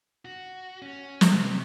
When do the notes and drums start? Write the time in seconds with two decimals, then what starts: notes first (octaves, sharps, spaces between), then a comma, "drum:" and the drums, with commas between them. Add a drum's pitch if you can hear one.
0.25 F#4
0.82 C#4
1.21 drum: snare
1.33 C3